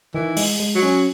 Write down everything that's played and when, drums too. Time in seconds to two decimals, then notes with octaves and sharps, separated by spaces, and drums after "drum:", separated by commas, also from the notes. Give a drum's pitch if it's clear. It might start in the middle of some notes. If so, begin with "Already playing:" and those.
0.14 D#3 E3
0.37 G#3, drum: open hi-hat
0.60 G#3
0.75 F#3
0.83 C#4